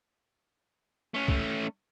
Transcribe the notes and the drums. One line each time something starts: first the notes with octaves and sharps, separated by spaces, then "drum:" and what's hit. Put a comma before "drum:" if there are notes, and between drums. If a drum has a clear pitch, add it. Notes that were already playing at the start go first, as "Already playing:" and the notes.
A3 C#4
drum: kick